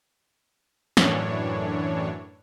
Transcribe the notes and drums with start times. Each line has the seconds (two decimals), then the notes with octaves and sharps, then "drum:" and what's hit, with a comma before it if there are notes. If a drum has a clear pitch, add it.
0.97 F#2 A2 E3 D4 C#5, drum: snare